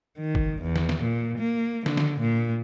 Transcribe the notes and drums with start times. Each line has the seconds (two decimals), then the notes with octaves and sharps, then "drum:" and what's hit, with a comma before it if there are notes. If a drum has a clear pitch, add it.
0.19 D#3
0.35 drum: kick
0.62 E2
0.76 drum: snare
0.89 drum: snare
1.02 A#2
1.38 A#3
1.86 D3, drum: snare
1.97 drum: snare
2.21 A#2